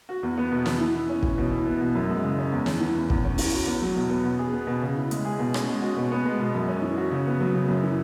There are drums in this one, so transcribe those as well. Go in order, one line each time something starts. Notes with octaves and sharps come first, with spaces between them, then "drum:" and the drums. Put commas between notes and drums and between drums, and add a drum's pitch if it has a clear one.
F#4
E2
B3
B2
E4, drum: snare
E3
E4
C#4
E3, drum: kick
B2
E4
B3
B2
F#2
G#3
C#3
C#4
E2
C#4, drum: snare
E3
E2
E2, drum: kick
C#4
E3, drum: open hi-hat
F#4
E2
F#3
B2
B3
B2
G#4
B3
B2
C#3
E4
G#3, drum: hi-hat
G#4
B2
C#4, drum: rim click
G#3
F#4
B2
B3
G#3
B2
F#2
C#4
E3
F#4
C#3
B3
F#3
C#3
F#2
E3